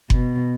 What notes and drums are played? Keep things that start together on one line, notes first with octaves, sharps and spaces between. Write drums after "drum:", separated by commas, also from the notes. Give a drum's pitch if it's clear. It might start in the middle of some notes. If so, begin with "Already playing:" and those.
B2, drum: kick F#1